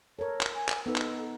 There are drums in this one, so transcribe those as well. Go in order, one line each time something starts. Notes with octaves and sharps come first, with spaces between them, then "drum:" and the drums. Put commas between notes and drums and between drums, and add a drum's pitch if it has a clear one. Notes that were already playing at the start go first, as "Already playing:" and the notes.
A4 A#4 C#5
drum: clap
G#5
drum: clap
B3 D#4 A4 B4
drum: clap